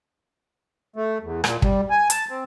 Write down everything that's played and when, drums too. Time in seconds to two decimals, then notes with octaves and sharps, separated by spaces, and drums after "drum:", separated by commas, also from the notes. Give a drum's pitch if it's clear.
0.96 A3
1.23 E2
1.44 A#2, drum: rim click
1.62 G3, drum: kick
1.90 G#5
2.10 A5, drum: hi-hat
2.29 C4